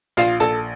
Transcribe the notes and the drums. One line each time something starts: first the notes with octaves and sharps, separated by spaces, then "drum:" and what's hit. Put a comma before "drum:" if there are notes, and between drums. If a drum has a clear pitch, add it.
A#1 F4 F5, drum: open hi-hat
A#1 A4 A5, drum: hi-hat